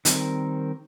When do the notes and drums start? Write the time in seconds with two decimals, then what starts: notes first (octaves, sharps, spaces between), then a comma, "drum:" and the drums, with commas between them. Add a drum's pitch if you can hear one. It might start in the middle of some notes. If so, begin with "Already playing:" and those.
0.05 D#3 G3 C4 A#4, drum: hi-hat